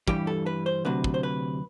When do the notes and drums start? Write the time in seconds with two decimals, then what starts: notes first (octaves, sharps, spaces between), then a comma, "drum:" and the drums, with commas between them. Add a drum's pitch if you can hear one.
0.08 G2 E3 G3 G4, drum: kick
0.27 A4
0.46 B4
0.66 C5
0.85 D2 C3 F#3 B4
1.04 drum: kick
1.14 C5
1.23 B4